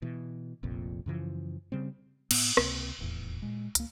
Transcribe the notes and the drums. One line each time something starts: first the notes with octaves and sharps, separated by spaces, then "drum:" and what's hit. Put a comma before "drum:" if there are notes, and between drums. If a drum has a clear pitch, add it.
B2 E3
F1 A#1 F2 A#2
F#2 C#3 E3 F3
C#3 G3 C4
A2 B3, drum: cymbal
C#2 C3 A#3 C4, drum: rim click
D#1 E2 A2
A#2 G#3
C#2 A#3, drum: hi-hat